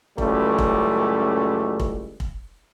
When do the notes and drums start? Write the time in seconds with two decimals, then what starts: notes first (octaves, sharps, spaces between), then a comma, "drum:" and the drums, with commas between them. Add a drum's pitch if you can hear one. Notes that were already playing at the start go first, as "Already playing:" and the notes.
0.18 C#2 F#2 E3 G3 A3, drum: kick
0.58 drum: kick
1.80 drum: kick
2.20 drum: kick